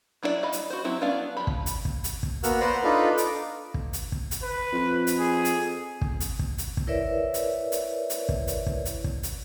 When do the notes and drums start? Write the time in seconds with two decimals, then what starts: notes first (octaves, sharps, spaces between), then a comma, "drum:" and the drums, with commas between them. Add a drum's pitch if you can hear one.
0.23 F#3 D4 E4 A4 D5
0.43 D#5 F5 B5
0.53 drum: hi-hat
0.70 F#4 C5
0.85 F#3 C4 E4 G4
1.01 B3 C#4 D4 D5 F5
1.37 F3 G4 B5
1.47 drum: kick
1.66 drum: hi-hat
1.85 drum: kick
2.04 drum: hi-hat
2.23 drum: kick
2.43 A#3 B3 F#4 F#5 E6 F6, drum: hi-hat
2.60 B4 C5 D5 F#5 A#5 C6
2.84 D4 D#4 F4 A4 B4
3.18 D6, drum: hi-hat
3.74 drum: kick
3.93 drum: hi-hat
4.12 drum: kick
4.31 drum: hi-hat
4.43 B4
4.72 F2
5.07 drum: hi-hat
5.19 G#4
5.45 drum: hi-hat
6.01 drum: kick
6.20 drum: hi-hat
6.39 drum: kick
6.58 drum: hi-hat
6.77 drum: kick
6.87 E4 A#4 B4 C#5 D5 E5
7.34 drum: hi-hat
7.72 drum: hi-hat
8.10 drum: hi-hat
8.29 drum: kick
8.48 drum: hi-hat
8.66 drum: kick
8.85 drum: hi-hat
9.04 drum: kick
9.23 drum: hi-hat